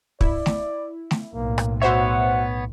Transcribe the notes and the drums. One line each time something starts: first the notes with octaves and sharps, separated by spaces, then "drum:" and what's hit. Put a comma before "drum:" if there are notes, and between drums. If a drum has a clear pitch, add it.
E4 D5, drum: kick
drum: snare A3
drum: snare A3
B1 A2 A#3
drum: rim click
B3 F#4 C5 C#5 E5 F#5